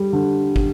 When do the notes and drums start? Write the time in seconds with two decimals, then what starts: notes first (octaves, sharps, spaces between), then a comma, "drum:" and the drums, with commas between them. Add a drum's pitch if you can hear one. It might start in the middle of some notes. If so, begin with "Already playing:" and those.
Already playing: G3
0.13 D3
0.56 drum: kick